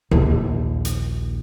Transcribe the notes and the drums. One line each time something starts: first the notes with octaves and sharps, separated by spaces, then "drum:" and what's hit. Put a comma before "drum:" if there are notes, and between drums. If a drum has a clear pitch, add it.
A#1 D#2, drum: tom C3
drum: hi-hat